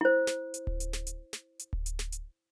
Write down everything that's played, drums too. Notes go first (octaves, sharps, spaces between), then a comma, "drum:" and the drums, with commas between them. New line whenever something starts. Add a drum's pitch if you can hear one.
E4 C5
drum: snare
drum: hi-hat
drum: kick D1
drum: hi-hat
drum: snare
drum: hi-hat
drum: snare
drum: hi-hat
drum: kick D1
drum: hi-hat
drum: snare
drum: hi-hat